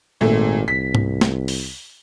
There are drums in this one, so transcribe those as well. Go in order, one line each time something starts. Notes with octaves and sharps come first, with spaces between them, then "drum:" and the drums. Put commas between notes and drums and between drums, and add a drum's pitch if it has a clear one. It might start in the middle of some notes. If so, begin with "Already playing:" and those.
G#1 A#2 A3
C2 B6
drum: tom G#2
drum: snare
drum: open hi-hat